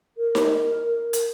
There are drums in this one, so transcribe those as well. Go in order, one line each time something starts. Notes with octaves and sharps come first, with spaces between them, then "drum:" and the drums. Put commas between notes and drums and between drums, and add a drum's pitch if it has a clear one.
A#4
drum: snare D#4
drum: hi-hat